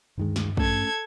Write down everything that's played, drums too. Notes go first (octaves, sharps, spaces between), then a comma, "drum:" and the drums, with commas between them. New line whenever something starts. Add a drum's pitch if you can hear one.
D2 G2 D#3 G#3
drum: snare
A3 C#4 A4 G#6, drum: kick